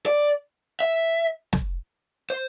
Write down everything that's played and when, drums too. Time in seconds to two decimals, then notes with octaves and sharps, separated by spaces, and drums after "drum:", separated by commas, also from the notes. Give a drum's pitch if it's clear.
0.06 D5
0.80 E5
1.53 drum: snare
2.30 C5